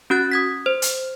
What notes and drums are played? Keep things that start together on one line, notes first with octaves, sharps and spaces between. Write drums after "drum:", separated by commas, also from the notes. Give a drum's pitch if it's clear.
C#4 F#4 F#6 A6
D#6 G#6 B6
C5
drum: hi-hat